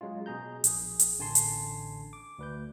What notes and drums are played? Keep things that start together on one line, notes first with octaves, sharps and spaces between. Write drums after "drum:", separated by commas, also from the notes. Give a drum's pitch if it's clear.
F#3 G#3 C#4 F4
B2 G#4 A#5 G6
A#1 G#4, drum: hi-hat
drum: hi-hat
A1 D3 G#5 A5 C6 C7
drum: hi-hat
D6
D2 B4 G6